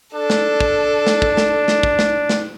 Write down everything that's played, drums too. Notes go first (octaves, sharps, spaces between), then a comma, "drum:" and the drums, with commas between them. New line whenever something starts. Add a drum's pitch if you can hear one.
D4 A4
drum: snare
drum: kick
drum: snare
drum: kick
drum: snare
drum: snare
drum: kick
drum: snare
drum: snare